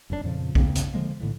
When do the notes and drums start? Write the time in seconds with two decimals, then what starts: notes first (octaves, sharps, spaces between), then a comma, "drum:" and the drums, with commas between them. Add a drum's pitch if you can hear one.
0.10 F1 F#2 B2 D4
0.24 F2 A#2 C#3 F3
0.55 D#2 C#3 A#3 C4, drum: kick A#1
0.75 drum: hi-hat
0.94 D3 F3 G#3 A#3
1.20 B1 A2 D3 E3